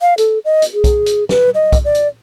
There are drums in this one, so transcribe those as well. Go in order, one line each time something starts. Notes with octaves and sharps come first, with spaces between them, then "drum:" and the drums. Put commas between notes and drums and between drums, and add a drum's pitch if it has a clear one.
F5
A4, drum: hi-hat
D#5
drum: hi-hat
G#4
drum: kick B1, hi-hat
drum: hi-hat
B4, drum: snare
D#5
drum: kick B1, hi-hat
D5
drum: hi-hat